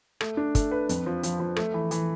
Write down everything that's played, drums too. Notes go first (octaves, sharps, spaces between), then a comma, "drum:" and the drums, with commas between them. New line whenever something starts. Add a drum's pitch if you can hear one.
A3, drum: rim click
D4
A3, drum: kick, hi-hat
B4
F2, drum: hi-hat
F3
F3, drum: hi-hat
F3
A3, drum: rim click
E3
E3, drum: hi-hat